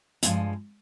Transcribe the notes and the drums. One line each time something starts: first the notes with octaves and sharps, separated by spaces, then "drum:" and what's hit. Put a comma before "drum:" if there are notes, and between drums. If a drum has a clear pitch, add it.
G2 F3 G#3, drum: hi-hat